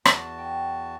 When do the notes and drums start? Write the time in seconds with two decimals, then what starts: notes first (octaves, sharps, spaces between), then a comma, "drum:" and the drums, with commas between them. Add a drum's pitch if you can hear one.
0.05 E2 F#4 A5, drum: rim click
0.38 G5